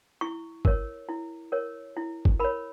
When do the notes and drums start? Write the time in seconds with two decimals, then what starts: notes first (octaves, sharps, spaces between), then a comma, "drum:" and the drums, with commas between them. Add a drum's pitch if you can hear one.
0.21 E4 C#6
0.65 A#4 C#5, drum: kick
1.09 E4
1.52 A#4 C#5
1.97 E4
2.25 drum: kick
2.40 A#4 C#5 B5